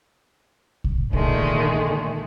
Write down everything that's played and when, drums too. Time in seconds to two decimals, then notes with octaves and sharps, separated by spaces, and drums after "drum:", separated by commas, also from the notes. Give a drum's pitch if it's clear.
0.84 drum: kick
1.13 A#2 D3 D#3 G#3 A3, drum: kick